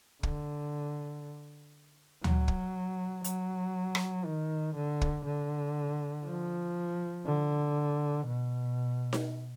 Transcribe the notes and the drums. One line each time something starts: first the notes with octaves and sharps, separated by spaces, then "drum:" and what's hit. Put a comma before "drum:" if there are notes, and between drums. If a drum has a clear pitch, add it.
D3, drum: kick
F#3, drum: tom D2
drum: kick
F#3, drum: hi-hat
drum: rim click
D#3
D3
drum: kick
D3
F3
D3
B2
drum: snare D#4